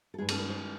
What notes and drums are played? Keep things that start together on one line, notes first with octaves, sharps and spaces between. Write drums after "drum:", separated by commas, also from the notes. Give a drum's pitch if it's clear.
A4
G2 D#3 G#3 G#4
A4, drum: cymbal
A#4
C5